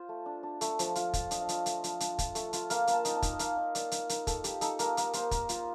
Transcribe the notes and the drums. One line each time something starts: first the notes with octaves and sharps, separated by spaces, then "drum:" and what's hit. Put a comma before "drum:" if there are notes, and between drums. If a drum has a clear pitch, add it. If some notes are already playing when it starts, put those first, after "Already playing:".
Already playing: F4 C5
A3
D4
D4
A3, drum: hi-hat
F3, drum: hi-hat
F4, drum: hi-hat
F4, drum: kick, hi-hat
D4 D#5, drum: hi-hat
F5
F4 D#5, drum: hi-hat
A3, drum: hi-hat
F3, drum: hi-hat
D4, drum: hi-hat
F4, drum: kick, hi-hat
A3, drum: hi-hat
F4, drum: hi-hat
A#3 F5, drum: hi-hat
A#3, drum: hi-hat
A5
D#4 G5, drum: hi-hat
A5
D#4, drum: kick, hi-hat
D#5
A#3 F5, drum: hi-hat
D#4
A#3 D5, drum: hi-hat
D#4, drum: hi-hat
D#4 A#4, drum: hi-hat
A#3 A4, drum: kick, hi-hat
A#3 G4, drum: hi-hat
D#4 A4, drum: hi-hat
A#3 A#4, drum: hi-hat
A#3, drum: hi-hat
A#3 C5, drum: hi-hat
A#3, drum: kick, hi-hat
F4, drum: hi-hat